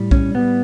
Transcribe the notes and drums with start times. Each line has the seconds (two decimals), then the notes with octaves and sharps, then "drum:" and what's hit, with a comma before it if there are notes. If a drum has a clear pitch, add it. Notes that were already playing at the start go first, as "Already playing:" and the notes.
Already playing: A2 G3
0.11 C#4, drum: kick B1
0.34 A2 G3 B3